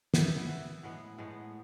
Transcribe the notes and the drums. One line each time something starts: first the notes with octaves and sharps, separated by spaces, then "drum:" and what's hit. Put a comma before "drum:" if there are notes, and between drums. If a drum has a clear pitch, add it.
E3 B3 E4, drum: snare
E3 B3 E4
A2 G#3 B3
A2 G#3 B3